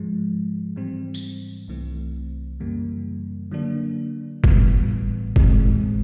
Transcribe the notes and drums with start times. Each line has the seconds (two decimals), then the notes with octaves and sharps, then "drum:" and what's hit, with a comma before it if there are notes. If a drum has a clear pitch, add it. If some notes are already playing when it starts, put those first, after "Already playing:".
Already playing: G#2 F3 G#3
0.76 G#2 E3 G3 C4
1.14 drum: tambourine
1.68 C2 C3 E3 A3 C4
2.60 F#2 C#3 E3 G3 A#3
3.51 D3 F#3 A#3 D4
4.44 A2 E3 G3 B3, drum: kick G1
5.36 A2 E3 G#3 C4, drum: kick G1